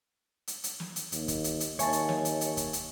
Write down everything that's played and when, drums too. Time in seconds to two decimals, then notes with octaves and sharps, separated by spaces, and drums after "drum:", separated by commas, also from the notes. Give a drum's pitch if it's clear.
0.47 drum: hi-hat
0.64 drum: hi-hat
0.80 drum: snare
0.96 drum: hi-hat
1.12 D#2, drum: hi-hat
1.28 drum: kick, hi-hat
1.44 drum: hi-hat
1.60 drum: hi-hat
1.79 D#2 C#5 E5 G#5 A5 C#6, drum: hi-hat
1.93 drum: hi-hat
2.09 drum: snare
2.25 drum: hi-hat
2.41 drum: hi-hat
2.57 drum: kick, hi-hat
2.73 drum: hi-hat